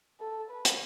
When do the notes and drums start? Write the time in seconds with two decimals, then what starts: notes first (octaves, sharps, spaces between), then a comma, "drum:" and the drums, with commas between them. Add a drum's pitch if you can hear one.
0.20 A4
0.50 B4
0.65 drum: hi-hat